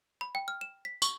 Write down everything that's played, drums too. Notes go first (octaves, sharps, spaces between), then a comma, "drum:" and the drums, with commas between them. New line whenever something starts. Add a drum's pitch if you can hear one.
B5
G5
F6
E7
B6
C#6, drum: tambourine